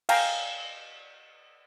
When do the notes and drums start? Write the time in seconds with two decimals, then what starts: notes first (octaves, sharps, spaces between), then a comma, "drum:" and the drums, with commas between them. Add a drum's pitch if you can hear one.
0.09 F5 G5 G#5 A#5, drum: cymbal